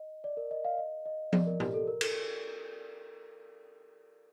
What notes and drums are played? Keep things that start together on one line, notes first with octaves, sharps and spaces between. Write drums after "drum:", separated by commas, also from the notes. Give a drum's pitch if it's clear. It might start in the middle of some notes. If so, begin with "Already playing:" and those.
Already playing: D#5
D5
A#4
D#5
F5
D#5
D#5
D5, drum: tom F3
A#4
G4, drum: tom
A4
A#4
A4, drum: cymbal